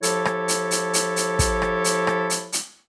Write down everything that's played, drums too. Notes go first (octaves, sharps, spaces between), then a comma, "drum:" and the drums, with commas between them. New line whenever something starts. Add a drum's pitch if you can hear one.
F3 E4 G4 A4 C#5, drum: hi-hat
drum: rim click
drum: hi-hat
drum: hi-hat
drum: hi-hat
drum: hi-hat
drum: kick, hi-hat
drum: rim click
drum: hi-hat
drum: rim click
drum: hi-hat
drum: hi-hat